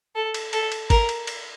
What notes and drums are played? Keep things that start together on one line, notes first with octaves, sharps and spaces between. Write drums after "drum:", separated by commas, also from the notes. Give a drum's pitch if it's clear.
A4
drum: cymbal
A4, drum: cymbal
drum: cymbal
A#4, drum: kick G#1, cymbal
drum: cymbal
drum: cymbal